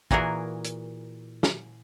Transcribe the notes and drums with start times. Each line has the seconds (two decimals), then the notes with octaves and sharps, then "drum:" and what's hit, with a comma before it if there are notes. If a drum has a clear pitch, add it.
0.11 A#2 E3 F#4 G#4 A#4, drum: kick
0.64 drum: hi-hat
1.43 drum: snare